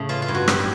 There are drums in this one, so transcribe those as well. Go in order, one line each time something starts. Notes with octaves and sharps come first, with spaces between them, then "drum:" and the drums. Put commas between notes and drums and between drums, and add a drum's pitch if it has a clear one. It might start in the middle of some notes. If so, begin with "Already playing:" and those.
Already playing: A2 C#3 A3
E3 F4
F4
G2
F#4
A2 G4, drum: rim click